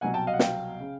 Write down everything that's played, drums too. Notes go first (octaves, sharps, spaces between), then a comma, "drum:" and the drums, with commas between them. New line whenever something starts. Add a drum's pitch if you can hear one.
C2 B2 F#3 F#5 G#5
G5 A5
D#5 F5
F#5
F5 G5, drum: snare
C#3